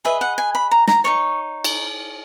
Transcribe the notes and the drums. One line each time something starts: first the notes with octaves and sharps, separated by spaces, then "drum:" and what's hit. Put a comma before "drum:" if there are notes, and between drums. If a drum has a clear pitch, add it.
G#4 B4 D#5 E5
F#5
G#5
B5
A#5
A#5, drum: snare
D#4 A#4 C#5 C#6
drum: cymbal